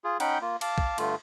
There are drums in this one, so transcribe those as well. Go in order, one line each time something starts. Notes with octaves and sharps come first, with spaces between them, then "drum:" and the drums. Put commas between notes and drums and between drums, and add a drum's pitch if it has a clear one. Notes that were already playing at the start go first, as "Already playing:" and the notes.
F4 G#4
C#4 D#4 F#5 G5 B5 G6, drum: cymbal
A#3 F4
F5 A5 D6, drum: cymbal
drum: kick
G2 D3 A3 F4, drum: cymbal